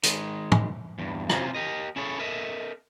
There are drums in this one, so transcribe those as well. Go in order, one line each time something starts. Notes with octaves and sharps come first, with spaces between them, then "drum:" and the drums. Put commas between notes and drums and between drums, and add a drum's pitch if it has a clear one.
D#3 G#3, drum: hi-hat
drum: tom
E2 G2
C3 C4 C#4 F4, drum: rim click
G4 A#4 D#5
C#4 E4 G#4 A4 C#5
A4 A#4 D#5 E5